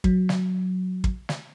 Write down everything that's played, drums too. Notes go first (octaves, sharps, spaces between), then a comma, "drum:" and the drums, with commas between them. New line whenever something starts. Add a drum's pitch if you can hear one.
F#3, drum: kick
drum: snare
drum: kick
drum: snare